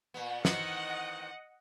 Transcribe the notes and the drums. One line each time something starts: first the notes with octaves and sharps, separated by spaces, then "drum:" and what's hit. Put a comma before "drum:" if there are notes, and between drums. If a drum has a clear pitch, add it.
A#2 B3
D#3 E3 C4 D#5 F#5, drum: snare